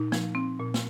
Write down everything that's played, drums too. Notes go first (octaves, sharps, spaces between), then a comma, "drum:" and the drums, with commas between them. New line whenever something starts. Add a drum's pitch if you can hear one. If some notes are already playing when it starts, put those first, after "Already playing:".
Already playing: A#2 D#4
F3, drum: snare
C4
A#2
drum: snare